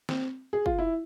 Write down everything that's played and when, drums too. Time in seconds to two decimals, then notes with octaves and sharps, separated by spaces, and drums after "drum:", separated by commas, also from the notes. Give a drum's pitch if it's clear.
0.09 C4, drum: snare
0.53 G#4
0.66 F4, drum: kick
0.79 E4